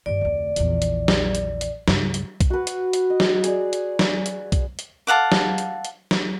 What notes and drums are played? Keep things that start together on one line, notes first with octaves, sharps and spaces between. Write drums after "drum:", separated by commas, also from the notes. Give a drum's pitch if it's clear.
G2 D#3 D5
F1 D2
A#1 E2, drum: hi-hat
drum: hi-hat
drum: snare
drum: hi-hat
drum: hi-hat
C#2 G2, drum: snare
drum: hi-hat
drum: kick B1, hi-hat
F#4 B4
drum: hi-hat
drum: hi-hat
D#5
drum: snare
G#4 D5, drum: hi-hat
drum: hi-hat
drum: snare
drum: hi-hat
drum: kick B1, hi-hat
drum: hi-hat
A4 F5 F#5 D6
drum: snare
drum: hi-hat
drum: hi-hat
drum: snare